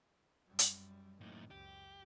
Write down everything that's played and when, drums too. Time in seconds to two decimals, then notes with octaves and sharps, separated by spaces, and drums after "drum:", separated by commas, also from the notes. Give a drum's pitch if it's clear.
0.47 F#2 G3
0.59 drum: hi-hat
1.21 F#2 A2 D#3 A#3
1.51 C#2 F#2 G4